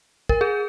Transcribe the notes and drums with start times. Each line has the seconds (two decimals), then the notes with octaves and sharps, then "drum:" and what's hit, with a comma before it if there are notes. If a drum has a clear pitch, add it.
0.29 A#4, drum: kick
0.41 G#4